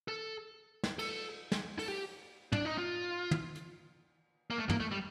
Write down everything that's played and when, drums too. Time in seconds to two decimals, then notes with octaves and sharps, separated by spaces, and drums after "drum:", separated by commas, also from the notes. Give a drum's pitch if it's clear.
0.08 A4
0.84 drum: snare
0.99 A4, drum: cymbal
1.52 drum: snare
1.79 A4, drum: open hi-hat
1.88 G4
2.52 D4, drum: tom
2.65 D#4
2.78 F4
3.31 drum: tom
3.55 drum: hi-hat
4.50 A#3
4.58 A3
4.69 A#3, drum: tom
4.80 A3
4.92 G3